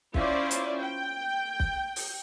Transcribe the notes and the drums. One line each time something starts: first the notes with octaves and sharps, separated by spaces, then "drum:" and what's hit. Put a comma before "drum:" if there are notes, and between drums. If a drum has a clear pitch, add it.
C#4 E4 F4 C5 D5, drum: kick
drum: hi-hat
G5
drum: kick
drum: open hi-hat